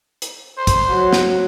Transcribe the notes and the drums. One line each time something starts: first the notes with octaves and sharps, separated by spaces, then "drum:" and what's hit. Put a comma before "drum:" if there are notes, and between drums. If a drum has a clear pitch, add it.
drum: hi-hat
C5
drum: kick, hi-hat
F#3
drum: snare